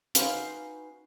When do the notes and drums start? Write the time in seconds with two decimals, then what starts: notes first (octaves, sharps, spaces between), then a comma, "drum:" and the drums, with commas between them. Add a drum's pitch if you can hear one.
0.15 C#4 D#4 F#4 B4 C5 F5, drum: hi-hat